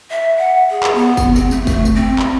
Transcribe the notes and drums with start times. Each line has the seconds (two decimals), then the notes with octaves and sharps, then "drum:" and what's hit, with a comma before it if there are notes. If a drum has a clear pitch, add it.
0.11 E5
0.38 F#5
0.71 G#4
0.83 drum: clap
0.95 B3
1.17 drum: kick, tambourine
1.36 C4, drum: tambourine
1.51 A3, drum: tambourine
1.67 A3, drum: kick, tambourine
1.85 drum: tambourine
1.95 C4
2.19 drum: clap